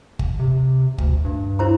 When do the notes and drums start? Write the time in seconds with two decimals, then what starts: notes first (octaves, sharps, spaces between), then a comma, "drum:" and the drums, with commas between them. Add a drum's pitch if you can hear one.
0.19 drum: kick G1
0.39 C3
0.98 D2, drum: kick G1
1.24 G2
1.59 E4 C5 A#5